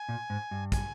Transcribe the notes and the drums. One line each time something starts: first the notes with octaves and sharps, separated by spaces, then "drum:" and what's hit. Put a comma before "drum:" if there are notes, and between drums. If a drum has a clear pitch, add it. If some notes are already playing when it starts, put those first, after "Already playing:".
Already playing: G#5
A#2
G#2
G2
G#5, drum: kick, hi-hat